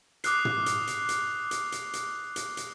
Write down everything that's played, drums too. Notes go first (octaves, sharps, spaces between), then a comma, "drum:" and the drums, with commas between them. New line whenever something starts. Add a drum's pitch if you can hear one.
D6 D#6 F6 F#6 C7, drum: hi-hat
drum: tom
drum: hi-hat
drum: hi-hat
drum: hi-hat
drum: hi-hat
drum: hi-hat
drum: hi-hat
drum: hi-hat
drum: hi-hat